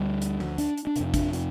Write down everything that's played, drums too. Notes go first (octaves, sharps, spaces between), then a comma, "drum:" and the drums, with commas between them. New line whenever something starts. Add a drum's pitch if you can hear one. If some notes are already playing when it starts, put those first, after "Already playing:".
Already playing: D2 D3 G3
drum: hi-hat
drum: tom F3
D4, drum: hi-hat
drum: hi-hat
D4
F2 C3, drum: hi-hat
D4, drum: kick, hi-hat
drum: hi-hat